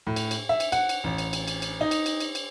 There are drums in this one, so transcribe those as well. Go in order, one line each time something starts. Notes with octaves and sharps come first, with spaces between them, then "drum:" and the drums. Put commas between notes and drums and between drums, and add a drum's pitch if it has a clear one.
A2
drum: cymbal
drum: cymbal
E5
drum: cymbal
F#5, drum: cymbal
drum: cymbal
A1
drum: cymbal
drum: cymbal
drum: cymbal
drum: cymbal
D#4
drum: cymbal
drum: cymbal
drum: cymbal
drum: cymbal